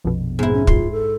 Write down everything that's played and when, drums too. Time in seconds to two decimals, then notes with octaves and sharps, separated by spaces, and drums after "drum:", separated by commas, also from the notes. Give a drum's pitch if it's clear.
0.04 A#1 F2 B2
0.39 G#2 B3 E4
0.53 C#4
0.67 F4 C6, drum: kick
0.92 A4